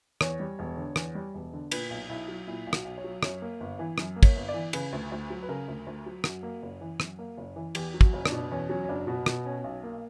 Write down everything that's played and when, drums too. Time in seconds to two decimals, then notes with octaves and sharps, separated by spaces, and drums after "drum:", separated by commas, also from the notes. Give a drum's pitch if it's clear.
0.21 E2 C#5, drum: rim click
0.40 G3
0.59 E1
0.77 D3
0.96 E2, drum: rim click
1.15 G3
1.34 E1
1.53 D3
1.72 A#2 B4, drum: cymbal
1.90 B1
2.09 B1 E4
2.28 F#3
2.47 A#2 E4
2.67 B1
2.73 F#4, drum: rim click
2.84 B1
2.98 C#5
3.04 F#3
3.23 F#2 C#5, drum: rim click
3.42 A#3
3.60 G1
3.79 E3
3.98 F#2, drum: rim click
4.16 A#3
4.23 C#5, drum: kick, cymbal
4.36 G1
4.48 D5
4.54 E3
4.73 C#3 B4, drum: cymbal
4.93 D2
5.12 D2
5.30 F#3
5.43 B4
5.49 C#3 A#4
5.68 D2
5.87 D2
6.06 F#3
6.24 F#2 F#4, drum: rim click
6.43 A#3
6.62 F#1
6.81 E3
7.00 F#2, drum: rim click
7.19 A#3
7.37 F#1
7.56 E3
7.75 E2 G4, drum: cymbal
7.94 F#3
8.01 F#4, drum: kick
8.13 F#1 C#4
8.26 D4, drum: rim click
8.32 B2
8.51 E2 C#4
8.69 F#3 C#4
8.84 C#4
8.89 F#1 D4
9.07 B2 F#4
9.26 B2, drum: rim click
9.45 C#4
9.64 B1
9.83 A#3